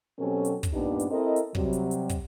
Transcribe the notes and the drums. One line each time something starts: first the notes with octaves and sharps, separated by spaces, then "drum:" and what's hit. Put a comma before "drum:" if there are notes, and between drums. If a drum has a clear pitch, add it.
B2 F#3 C4 C#4 G4 A4
drum: hi-hat
drum: kick, hi-hat
G2 A#2 B3 D4 D#4 G4
drum: hi-hat
C4 E4 A4 A#4 D#5
drum: hi-hat
C3 F#3 G3, drum: kick
drum: hi-hat
drum: hi-hat
drum: kick, hi-hat